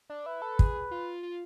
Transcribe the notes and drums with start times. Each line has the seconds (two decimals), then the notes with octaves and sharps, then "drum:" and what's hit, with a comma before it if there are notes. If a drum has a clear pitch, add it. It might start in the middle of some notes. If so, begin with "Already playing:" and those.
0.10 D4
0.26 E4 B4
0.42 A4
0.59 G#4, drum: kick
0.91 F4
1.23 F4